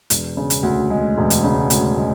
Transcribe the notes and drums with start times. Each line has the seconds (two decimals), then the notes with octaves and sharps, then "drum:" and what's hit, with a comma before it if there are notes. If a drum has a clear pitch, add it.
0.10 E1, drum: hi-hat
0.37 C#3
0.50 drum: hi-hat
0.63 D2
0.90 G#3
1.17 E1
1.30 drum: hi-hat
1.44 C#3
1.70 D2, drum: hi-hat
1.98 G#3